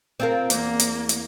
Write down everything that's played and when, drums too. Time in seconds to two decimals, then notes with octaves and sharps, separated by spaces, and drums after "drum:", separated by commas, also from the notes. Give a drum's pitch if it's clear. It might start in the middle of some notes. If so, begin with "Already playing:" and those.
0.20 C4 F4 A#4
0.50 E2 A#3, drum: hi-hat
0.79 drum: hi-hat
1.09 drum: hi-hat